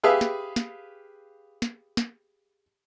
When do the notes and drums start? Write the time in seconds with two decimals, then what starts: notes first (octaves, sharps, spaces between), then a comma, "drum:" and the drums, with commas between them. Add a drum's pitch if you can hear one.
0.04 G4 G#4 B4 E5 F5
0.21 drum: snare
0.56 drum: snare
1.62 drum: snare
1.97 drum: snare